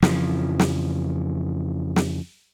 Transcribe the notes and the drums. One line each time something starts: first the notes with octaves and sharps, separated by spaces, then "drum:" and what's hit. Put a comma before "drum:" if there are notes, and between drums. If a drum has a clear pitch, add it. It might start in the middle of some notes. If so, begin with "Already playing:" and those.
F2 C#3 E3 F3, drum: snare
drum: snare
drum: snare